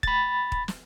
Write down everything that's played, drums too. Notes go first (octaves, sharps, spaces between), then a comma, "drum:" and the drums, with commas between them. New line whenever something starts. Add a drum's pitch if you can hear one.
B5 A6, drum: kick
drum: kick
drum: snare